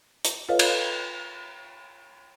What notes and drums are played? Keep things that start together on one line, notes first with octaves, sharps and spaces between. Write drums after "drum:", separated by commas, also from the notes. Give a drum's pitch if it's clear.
drum: hi-hat
F4 A4 B4 C#5 D#5 F5
drum: cymbal